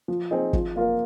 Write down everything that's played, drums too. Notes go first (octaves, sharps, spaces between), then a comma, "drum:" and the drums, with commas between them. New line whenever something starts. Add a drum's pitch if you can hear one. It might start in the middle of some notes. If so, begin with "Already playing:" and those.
F3
C4 D#4 G#4
F3, drum: kick
A#3 F4 A#4 F5